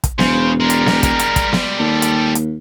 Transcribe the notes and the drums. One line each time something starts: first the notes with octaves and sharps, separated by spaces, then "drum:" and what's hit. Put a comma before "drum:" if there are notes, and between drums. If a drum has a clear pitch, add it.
drum: kick, hi-hat
E1 C#3 C5, drum: snare B3
G3 G#3 A#4
drum: hi-hat
drum: snare B3
A#4, drum: kick, hi-hat
drum: hi-hat
drum: kick, hi-hat
drum: snare B3
D#2 A4
drum: hi-hat
drum: hi-hat